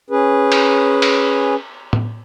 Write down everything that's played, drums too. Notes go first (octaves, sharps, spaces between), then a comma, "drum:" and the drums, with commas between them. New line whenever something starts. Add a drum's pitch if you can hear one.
C#4 G#4 B4
drum: cymbal
drum: cymbal
drum: tom A2